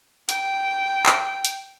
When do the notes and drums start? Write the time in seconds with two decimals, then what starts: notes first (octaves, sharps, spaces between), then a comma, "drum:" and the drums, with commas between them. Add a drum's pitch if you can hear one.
0.29 G5, drum: hi-hat
1.06 drum: clap
1.45 drum: hi-hat